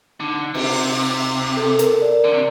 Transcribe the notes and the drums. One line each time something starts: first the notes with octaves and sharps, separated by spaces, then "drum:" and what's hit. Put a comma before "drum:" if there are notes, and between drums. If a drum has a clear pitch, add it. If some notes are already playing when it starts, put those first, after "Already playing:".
D3 D#4
C3, drum: cymbal
A4
A#4, drum: hi-hat
D5
D3 D5
C3